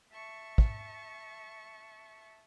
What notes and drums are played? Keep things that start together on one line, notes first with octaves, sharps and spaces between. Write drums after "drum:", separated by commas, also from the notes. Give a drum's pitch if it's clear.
E5 A5 C#6 A6
drum: kick